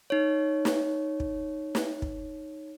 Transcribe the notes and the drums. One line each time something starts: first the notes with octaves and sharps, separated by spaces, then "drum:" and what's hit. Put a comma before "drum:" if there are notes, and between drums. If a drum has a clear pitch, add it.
D#4 C#5
drum: snare
drum: kick
drum: snare
drum: kick